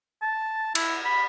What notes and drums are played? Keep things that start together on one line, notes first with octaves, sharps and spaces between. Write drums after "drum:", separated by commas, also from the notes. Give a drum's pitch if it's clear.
A5
E4, drum: cymbal
B5